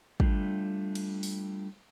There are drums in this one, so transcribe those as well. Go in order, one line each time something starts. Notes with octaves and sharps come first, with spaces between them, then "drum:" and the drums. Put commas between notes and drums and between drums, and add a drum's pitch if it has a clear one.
G3 A3 D4 F4, drum: kick
drum: cymbal
drum: open hi-hat